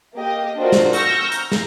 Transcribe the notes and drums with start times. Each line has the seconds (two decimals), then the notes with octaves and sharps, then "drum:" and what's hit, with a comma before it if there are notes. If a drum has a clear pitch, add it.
0.14 A#3 G4 D#5
0.58 D4 F4 F#4 A#4 C5
0.72 drum: snare
0.93 C#6 E6 F6 G6 A#6, drum: hi-hat
1.32 A#5, drum: hi-hat
1.52 drum: snare